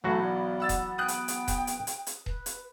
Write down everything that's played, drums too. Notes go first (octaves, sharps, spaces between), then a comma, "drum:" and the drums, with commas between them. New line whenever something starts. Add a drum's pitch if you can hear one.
B1 E3 F#3 A3 B3 F#4
D5
F#5 E6 A6
drum: kick D#1, hi-hat
G5 D#6 F#6
drum: hi-hat
drum: hi-hat
drum: kick D#1, hi-hat
drum: hi-hat
drum: hi-hat
drum: hi-hat
B4, drum: kick D#1
drum: hi-hat